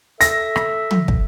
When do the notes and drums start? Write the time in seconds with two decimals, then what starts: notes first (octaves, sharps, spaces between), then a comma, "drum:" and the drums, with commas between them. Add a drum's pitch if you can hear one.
0.21 A4 E5 A#6, drum: hi-hat
0.56 drum: rim click
0.91 drum: tom
1.08 drum: kick